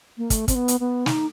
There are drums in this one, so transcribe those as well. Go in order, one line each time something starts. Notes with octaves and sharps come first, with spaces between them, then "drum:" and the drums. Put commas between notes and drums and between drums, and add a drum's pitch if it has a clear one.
A#3
A3, drum: kick, hi-hat
C4, drum: kick, hi-hat
B3
drum: hi-hat
B3
D#4, drum: snare